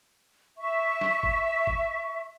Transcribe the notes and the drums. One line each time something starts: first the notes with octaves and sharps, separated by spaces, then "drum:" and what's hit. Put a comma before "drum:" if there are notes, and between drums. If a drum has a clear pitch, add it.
E5 C#6
drum: snare
drum: kick G1
drum: kick G1